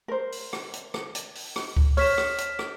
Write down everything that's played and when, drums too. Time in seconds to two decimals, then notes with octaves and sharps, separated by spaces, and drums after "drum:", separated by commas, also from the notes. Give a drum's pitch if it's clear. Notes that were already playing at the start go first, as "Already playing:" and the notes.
0.08 A#4 C5
0.32 drum: open hi-hat
0.53 drum: rim click
0.73 drum: hi-hat
0.94 drum: rim click
1.15 drum: hi-hat
1.35 drum: open hi-hat
1.56 drum: rim click
1.77 drum: kick C#2
1.97 C5 C#5 F6 B6 E7, drum: open hi-hat
2.18 drum: rim click
2.38 drum: hi-hat
2.59 drum: rim click